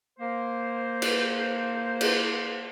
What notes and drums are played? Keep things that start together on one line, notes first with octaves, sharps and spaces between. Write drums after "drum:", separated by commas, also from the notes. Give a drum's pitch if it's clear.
A#3 C5
drum: cymbal
drum: cymbal